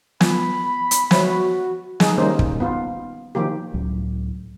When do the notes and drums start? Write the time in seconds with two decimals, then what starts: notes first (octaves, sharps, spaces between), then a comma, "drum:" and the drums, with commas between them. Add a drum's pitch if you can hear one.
0.21 B3 F4 B5, drum: snare
0.91 drum: hi-hat
1.11 F#4 C5 C#5 E5, drum: snare
2.00 D#4 G#4, drum: snare
2.18 D#3 G3 A#3 C#4 D#4 C5
2.39 drum: kick
2.60 B3 F4
3.35 D#3 F3 A#3 G4
3.74 C#2 A2 F#3